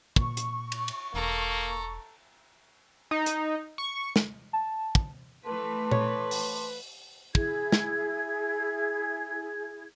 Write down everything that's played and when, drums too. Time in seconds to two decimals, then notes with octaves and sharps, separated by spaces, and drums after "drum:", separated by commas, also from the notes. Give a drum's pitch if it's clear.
0.16 A#2 C#6, drum: kick
0.37 drum: hi-hat
0.72 drum: cymbal
0.88 drum: cymbal
1.14 E1 A#3 A4 A#5
3.11 D#4
3.26 drum: hi-hat
3.78 C#6
4.16 drum: snare
4.53 A5
4.95 drum: kick
5.45 E3 A3 B4 A5 C6 D6
5.91 C#5, drum: tom A#2
6.31 drum: open hi-hat
7.35 E4 G#4 G#6, drum: kick
7.72 drum: snare